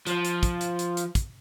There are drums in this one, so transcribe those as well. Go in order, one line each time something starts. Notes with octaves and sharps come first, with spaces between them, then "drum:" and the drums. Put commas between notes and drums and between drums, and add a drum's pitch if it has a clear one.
F3, drum: hi-hat
drum: hi-hat
drum: kick, hi-hat
drum: hi-hat
drum: hi-hat
drum: hi-hat
drum: kick, hi-hat